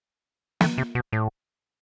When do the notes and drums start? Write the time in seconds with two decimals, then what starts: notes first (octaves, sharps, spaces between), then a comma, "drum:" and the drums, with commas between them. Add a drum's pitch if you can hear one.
0.61 A3, drum: snare
0.78 C3
0.95 B2
1.13 A2